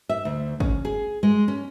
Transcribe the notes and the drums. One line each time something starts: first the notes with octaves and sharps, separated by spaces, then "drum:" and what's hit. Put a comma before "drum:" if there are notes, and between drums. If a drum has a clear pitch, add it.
E5
D2
C#4, drum: kick
G#4
G#3
C#4